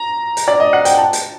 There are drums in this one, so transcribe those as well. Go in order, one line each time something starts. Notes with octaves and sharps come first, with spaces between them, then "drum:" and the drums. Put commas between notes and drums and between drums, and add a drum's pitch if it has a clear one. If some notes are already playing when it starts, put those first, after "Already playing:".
Already playing: A#5
drum: hi-hat
D5
D#5
F#5
G5, drum: hi-hat
A5
drum: hi-hat